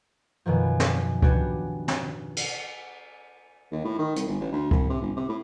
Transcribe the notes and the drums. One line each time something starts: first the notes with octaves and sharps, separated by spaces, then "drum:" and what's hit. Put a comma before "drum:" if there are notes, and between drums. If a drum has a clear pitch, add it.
F#2 B2 D#3 F3
drum: snare
B3 C#4 D4 F#4 G4, drum: kick C2
drum: snare
drum: cymbal
D#2
A2
D#3
C2, drum: hi-hat
G1
A1
D2
C2, drum: kick C2
C3
G1
C3
A2